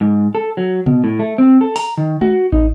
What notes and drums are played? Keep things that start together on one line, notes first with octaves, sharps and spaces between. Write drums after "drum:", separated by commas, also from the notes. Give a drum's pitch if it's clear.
G#2
A4
F#3
B2, drum: tom C3
A2
A3
C4
A4
A#5, drum: open hi-hat
D#3
F#4, drum: tom G#3
D#4, drum: kick